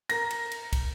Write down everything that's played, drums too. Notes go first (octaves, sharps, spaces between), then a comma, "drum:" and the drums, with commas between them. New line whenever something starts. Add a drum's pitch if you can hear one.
A#4 A#6, drum: cymbal
drum: cymbal
drum: cymbal
drum: kick, cymbal